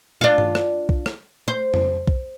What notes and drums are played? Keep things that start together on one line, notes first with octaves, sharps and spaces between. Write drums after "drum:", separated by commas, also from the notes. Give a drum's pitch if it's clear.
D4 F4
drum: tom G2
drum: rim click
drum: kick B1
drum: rim click
C5
drum: tom F2
drum: kick B1